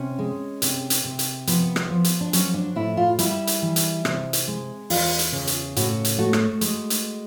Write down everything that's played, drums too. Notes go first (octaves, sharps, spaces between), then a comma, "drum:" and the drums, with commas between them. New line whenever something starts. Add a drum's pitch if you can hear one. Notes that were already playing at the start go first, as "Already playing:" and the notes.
Already playing: C3 C#4
G#3
C3, drum: hi-hat
drum: hi-hat
C3
drum: hi-hat
F3 B3, drum: hi-hat
drum: rim click
F3
drum: hi-hat
D4
F#3 C#4, drum: hi-hat
D4
A2 E4
F4
G3 E4, drum: hi-hat
drum: hi-hat
E3
drum: hi-hat
C3, drum: rim click
drum: hi-hat
G#3
E2 F4, drum: open hi-hat
drum: hi-hat
C#3
drum: hi-hat
A2 F#4, drum: hi-hat
drum: hi-hat
A3 F#4
drum: rim click
G#3, drum: hi-hat
drum: hi-hat